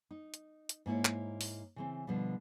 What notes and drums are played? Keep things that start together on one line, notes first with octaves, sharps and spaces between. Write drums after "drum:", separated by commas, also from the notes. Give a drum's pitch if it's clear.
D#4
drum: hi-hat
drum: hi-hat
G#2 A#3 E4 C#5
drum: clap
drum: open hi-hat
C#3 E3 C4
B2 D3 F3 G3